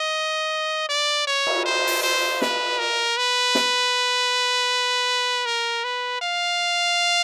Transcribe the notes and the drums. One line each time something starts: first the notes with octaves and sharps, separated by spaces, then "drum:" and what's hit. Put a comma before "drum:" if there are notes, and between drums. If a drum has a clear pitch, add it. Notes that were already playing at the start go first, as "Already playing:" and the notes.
Already playing: D#5
D5
C#5
drum: cymbal
C5
drum: open hi-hat
C5
B4, drum: snare
A#4
B4
drum: snare
A#4
B4
F5